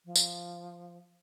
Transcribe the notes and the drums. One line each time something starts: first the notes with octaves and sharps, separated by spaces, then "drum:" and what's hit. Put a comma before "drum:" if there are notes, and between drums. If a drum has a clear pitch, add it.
F3
drum: tambourine